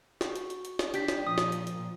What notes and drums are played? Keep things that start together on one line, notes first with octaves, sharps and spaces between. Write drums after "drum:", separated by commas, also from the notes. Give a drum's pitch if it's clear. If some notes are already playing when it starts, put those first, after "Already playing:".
F#4, drum: snare
drum: hi-hat
drum: hi-hat
drum: hi-hat
drum: snare
D4 G4 G5 G6 B6, drum: hi-hat
drum: snare
A#2 F3 D#6
drum: snare
drum: hi-hat
drum: hi-hat